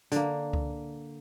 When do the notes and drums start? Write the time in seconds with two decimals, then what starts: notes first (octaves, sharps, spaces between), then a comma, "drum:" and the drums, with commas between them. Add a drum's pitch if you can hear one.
0.12 D3 A#3, drum: hi-hat
0.53 drum: kick C#2